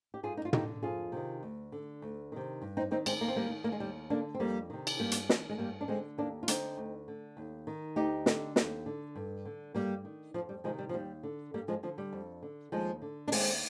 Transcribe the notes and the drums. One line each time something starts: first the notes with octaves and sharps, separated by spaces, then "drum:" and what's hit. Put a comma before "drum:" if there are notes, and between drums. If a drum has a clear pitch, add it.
G4
G2 F4 G#4
D#4
F4
D3 D#4 G4, drum: tom
F2 F4 G#4
C3 D#3
D2
D3
D2
C3 D#3
G2
C4 D#4
D#3 C4 D#4
G#3 C4, drum: cymbal
D#2 A#3
C4
G3 A#3
D#3
A#3
G#3
D#2 G3
D3 A#3 D4
C4
F2 G3 A#3
C3 D#3
drum: cymbal
G2 G3 A#3
drum: hi-hat
D#3, drum: snare
G#3
G2 G3 A#3
D4
D3 G#3 C4
D#2 A#3 D4
F4
D3 C4 D#4, drum: hi-hat
D2
D3
D#2
D#3
D2 D#4 G4
D3, drum: snare
D#2, drum: snare
D3
G2
D3
G2 G3 A#3
D#3
F2 F3
G3
C3 D#3 F3 G#3
G3
F3
D#2 G3
D3
G2 G3 A#3
F3 G#3
D3 F3
G3
F2
D3
D#2 F3 G#3
D3
D4
D#2 G#3 C4, drum: open hi-hat